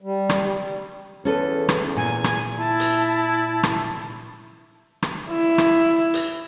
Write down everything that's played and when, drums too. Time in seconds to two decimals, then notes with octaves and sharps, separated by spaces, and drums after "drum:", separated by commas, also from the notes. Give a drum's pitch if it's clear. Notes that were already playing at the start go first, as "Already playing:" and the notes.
0.02 G3
0.29 drum: rim click
1.25 E2 C#4 A4 B4
1.69 drum: rim click
1.96 A#2 G#5
2.24 drum: rim click
2.59 E4 A5
2.80 drum: hi-hat
3.63 drum: rim click
5.02 drum: rim click
5.30 E4
5.58 drum: rim click
6.14 drum: hi-hat